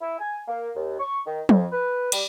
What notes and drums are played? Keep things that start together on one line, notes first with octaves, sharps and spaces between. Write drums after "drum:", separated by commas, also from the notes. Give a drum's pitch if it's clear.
E4
G#5
A#3
D#2
C#6
D#3
F2, drum: tom F3
B4
G3, drum: cymbal